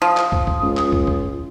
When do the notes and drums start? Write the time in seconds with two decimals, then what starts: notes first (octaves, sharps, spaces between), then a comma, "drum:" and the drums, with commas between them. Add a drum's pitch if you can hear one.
0.02 F3 D#6
0.17 drum: clap
0.32 drum: kick
0.47 drum: kick
0.62 C#2 F4
0.77 drum: clap
0.92 drum: kick
1.07 drum: kick